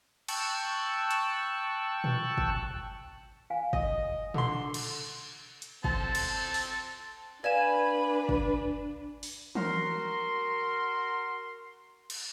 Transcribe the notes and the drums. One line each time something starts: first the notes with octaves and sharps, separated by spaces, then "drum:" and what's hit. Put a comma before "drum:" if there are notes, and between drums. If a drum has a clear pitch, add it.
G5 A5 C#6 E6 F#6, drum: cymbal
drum: hi-hat
drum: tom A#2
drum: kick
F5 G#5
D#5, drum: kick
D3 C6, drum: tom A#2
drum: cymbal
drum: hi-hat
C4 A4 A5, drum: kick
drum: cymbal
drum: open hi-hat
D4 B4 D5 F5 G#5 B5 E7
drum: kick
drum: open hi-hat
F#4 A#4 A#5 C6, drum: tom E3
drum: cymbal